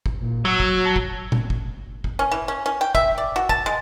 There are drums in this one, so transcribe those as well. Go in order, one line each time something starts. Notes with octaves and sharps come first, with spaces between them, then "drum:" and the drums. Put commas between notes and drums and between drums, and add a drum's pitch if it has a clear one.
drum: kick G1
A#2
F#3 E6
drum: kick G1
A5
drum: kick G1
drum: tom A#2
drum: kick G1
drum: kick G1
C#4
E3
C#4
C#4
G5
E5, drum: kick G1
D5
F#4
A5, drum: kick G1
G#3